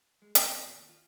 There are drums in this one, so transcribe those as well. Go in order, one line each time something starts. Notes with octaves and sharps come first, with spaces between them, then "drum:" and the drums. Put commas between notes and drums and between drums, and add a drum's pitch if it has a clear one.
G#3
G#2, drum: hi-hat
D#4
B2
D#2
F4